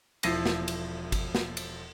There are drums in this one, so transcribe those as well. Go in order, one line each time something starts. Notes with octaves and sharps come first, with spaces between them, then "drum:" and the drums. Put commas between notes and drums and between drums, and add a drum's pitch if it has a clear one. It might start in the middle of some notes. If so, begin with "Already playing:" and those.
E1 F3 E4 A#6 C7 D#7, drum: cymbal
drum: snare
drum: cymbal
drum: kick G1, cymbal
drum: snare
drum: cymbal